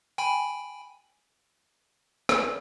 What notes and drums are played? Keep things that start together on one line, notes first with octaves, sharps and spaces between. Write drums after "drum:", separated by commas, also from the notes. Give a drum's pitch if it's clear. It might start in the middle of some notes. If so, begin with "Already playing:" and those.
G5 G#5 B5
drum: rim click